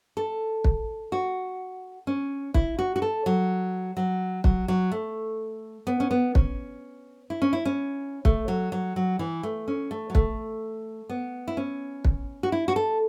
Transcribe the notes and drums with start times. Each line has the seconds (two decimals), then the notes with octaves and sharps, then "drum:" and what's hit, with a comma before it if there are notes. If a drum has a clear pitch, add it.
0.17 A4
0.64 drum: kick
1.12 F#4
2.07 C#4
2.54 E4, drum: kick
2.79 F#4
2.96 F#4
3.02 A4
3.26 F#3
3.97 F#3
4.44 F#3, drum: kick
4.68 F#3
4.92 A3
5.87 B3
6.00 C#4
6.11 B3
6.35 C#4, drum: kick
7.30 E4
7.42 C#4
7.53 E4
7.65 C#4
8.25 A3, drum: kick
8.48 F#3
8.72 F#3
8.96 F#3
9.19 E3
9.43 A3
9.68 C#4
9.91 A3
10.10 F#3
10.15 A3, drum: kick
11.10 B3
11.48 E4
11.57 C#4
12.05 drum: kick
12.43 F#4
12.52 E4
12.68 F#4
12.76 A4